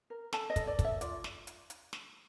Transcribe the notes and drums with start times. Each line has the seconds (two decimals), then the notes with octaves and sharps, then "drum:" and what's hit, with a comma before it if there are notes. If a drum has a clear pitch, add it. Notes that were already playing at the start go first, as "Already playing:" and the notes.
0.10 A#4
0.33 A4 A5, drum: snare
0.50 D#5
0.56 A4, drum: kick, hi-hat
0.67 D5
0.79 A4, drum: kick, hi-hat
0.84 E5
1.01 F4 D5, drum: hi-hat
1.24 drum: snare
1.47 drum: hi-hat
1.70 drum: hi-hat
1.93 drum: snare